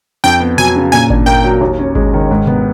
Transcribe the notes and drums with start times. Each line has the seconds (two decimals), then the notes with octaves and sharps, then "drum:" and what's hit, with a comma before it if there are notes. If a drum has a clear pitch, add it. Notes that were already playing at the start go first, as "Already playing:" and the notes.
0.24 F2 G5
0.40 B3
0.58 F#3 G#5, drum: tom B2
0.76 C#3
0.92 A#2 G#5
1.10 D4, drum: kick G#1
1.26 A#3 G5
1.44 F#3
1.61 D#2
1.79 C#4
1.95 G#3, drum: kick G#1
2.13 D#3
2.31 G#2
2.47 B3, drum: tom B2